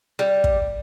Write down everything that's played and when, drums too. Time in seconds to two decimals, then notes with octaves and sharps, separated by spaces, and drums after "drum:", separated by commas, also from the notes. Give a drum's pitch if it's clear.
0.19 G3
0.44 drum: kick